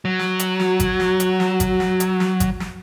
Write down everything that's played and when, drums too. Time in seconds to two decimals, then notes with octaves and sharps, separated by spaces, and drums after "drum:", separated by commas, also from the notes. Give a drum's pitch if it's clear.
0.05 F#3
0.19 drum: snare
0.39 drum: hi-hat
0.60 F#4, drum: snare
0.80 drum: kick G#1, hi-hat
1.00 drum: snare
1.20 drum: hi-hat
1.40 drum: snare
1.60 drum: kick G#1, hi-hat
1.80 drum: snare
2.00 drum: hi-hat
2.20 drum: snare
2.40 drum: kick G#1, hi-hat
2.60 drum: snare